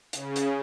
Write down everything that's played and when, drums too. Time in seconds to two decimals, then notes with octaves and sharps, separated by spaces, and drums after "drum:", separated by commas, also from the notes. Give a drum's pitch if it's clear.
0.13 C#3, drum: hi-hat
0.36 drum: hi-hat